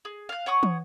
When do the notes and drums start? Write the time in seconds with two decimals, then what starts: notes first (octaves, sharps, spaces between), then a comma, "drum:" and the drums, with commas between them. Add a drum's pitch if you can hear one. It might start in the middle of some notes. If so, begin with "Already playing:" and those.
0.05 G#4
0.29 F5 F#6
0.46 C#5 F#5 C#6 D#6
0.63 drum: tom